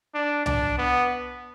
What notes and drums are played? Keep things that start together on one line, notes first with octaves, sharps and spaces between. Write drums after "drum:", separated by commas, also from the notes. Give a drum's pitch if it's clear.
D4
D4, drum: tom C2
B3